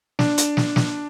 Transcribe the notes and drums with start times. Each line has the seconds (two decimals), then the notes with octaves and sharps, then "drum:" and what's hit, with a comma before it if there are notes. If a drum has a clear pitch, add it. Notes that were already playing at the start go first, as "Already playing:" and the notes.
0.19 D4, drum: snare
0.38 drum: hi-hat
0.57 drum: snare
0.76 drum: snare